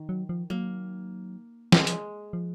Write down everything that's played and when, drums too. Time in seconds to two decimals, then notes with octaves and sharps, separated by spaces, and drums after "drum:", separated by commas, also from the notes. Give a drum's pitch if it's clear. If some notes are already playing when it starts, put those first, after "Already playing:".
Already playing: D#3
0.09 F#3
0.29 F3
0.50 F#3 A#3
1.72 G#3, drum: snare
1.87 drum: hi-hat
2.33 F3